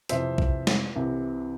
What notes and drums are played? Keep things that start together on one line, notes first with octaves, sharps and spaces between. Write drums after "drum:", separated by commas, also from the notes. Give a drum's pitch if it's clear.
F2 C3 E3 C5 E5, drum: hi-hat
drum: kick B1
drum: snare
C2 C3 E3